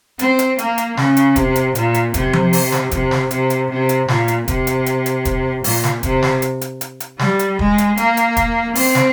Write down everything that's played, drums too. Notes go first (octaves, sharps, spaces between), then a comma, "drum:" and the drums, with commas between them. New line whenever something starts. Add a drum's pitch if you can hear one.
C4, drum: hi-hat
drum: hi-hat
A#3, drum: hi-hat
drum: hi-hat
C#3, drum: snare
drum: hi-hat
C3, drum: kick, hi-hat
drum: hi-hat
A#2, drum: hi-hat
drum: hi-hat
C3, drum: kick, hi-hat
drum: tom F3
drum: open hi-hat
drum: snare
C3, drum: kick, hi-hat
drum: snare
C3, drum: hi-hat
drum: hi-hat
C3
drum: hi-hat
A#2, drum: snare
drum: hi-hat
C3, drum: kick, hi-hat
drum: hi-hat
drum: hi-hat
drum: hi-hat
drum: kick, hi-hat
A#2, drum: open hi-hat
drum: snare
C3, drum: kick, hi-hat
drum: snare
drum: hi-hat
drum: hi-hat
drum: hi-hat
drum: hi-hat
G3, drum: snare
drum: hi-hat
G#3, drum: kick
drum: hi-hat
A#3, drum: hi-hat
drum: hi-hat
drum: kick, hi-hat
C4, drum: open hi-hat
drum: snare